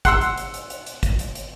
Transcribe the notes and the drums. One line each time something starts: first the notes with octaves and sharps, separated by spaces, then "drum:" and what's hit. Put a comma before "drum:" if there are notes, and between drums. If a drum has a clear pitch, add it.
F#5 C6 E6, drum: kick, hi-hat
drum: hi-hat
drum: hi-hat
drum: hi-hat
drum: hi-hat
drum: hi-hat
drum: kick, hi-hat
drum: hi-hat
drum: hi-hat